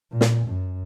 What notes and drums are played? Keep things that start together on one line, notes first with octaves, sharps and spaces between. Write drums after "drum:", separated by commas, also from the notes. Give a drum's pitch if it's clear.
A#2
drum: snare
F#2